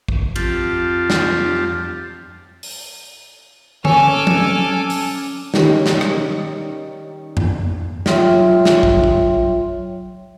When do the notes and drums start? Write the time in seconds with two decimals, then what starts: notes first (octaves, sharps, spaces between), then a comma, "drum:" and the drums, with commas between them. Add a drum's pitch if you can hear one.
0.08 drum: kick
0.36 F2 F4 G4 A5, drum: cymbal
1.10 drum: snare
2.63 drum: open hi-hat
3.85 C#4 A4 G#5 D6 F6, drum: tom D3
4.27 drum: tom F3
4.90 drum: open hi-hat
5.54 D#3 G3 C#4 D#4, drum: snare
5.86 drum: snare
6.01 drum: rim click
7.37 drum: tom F2
8.06 F#3 F4 C#5 E5 G5 C6, drum: snare
8.65 drum: snare
8.83 drum: kick
9.04 drum: kick